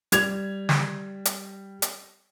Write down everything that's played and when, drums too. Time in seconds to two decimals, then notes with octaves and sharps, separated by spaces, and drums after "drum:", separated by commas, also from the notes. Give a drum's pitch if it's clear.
0.12 G3 G#6 F7, drum: hi-hat
0.69 drum: snare
1.25 drum: hi-hat
1.82 drum: hi-hat